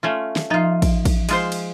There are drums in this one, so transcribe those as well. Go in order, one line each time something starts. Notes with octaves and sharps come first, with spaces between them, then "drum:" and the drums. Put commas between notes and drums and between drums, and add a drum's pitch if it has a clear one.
A3 C#4 F4
drum: snare
F3 D#4 F4 E5
drum: kick A1, cymbal
drum: kick A1, cymbal
G#3 F4 C5, drum: cymbal
drum: cymbal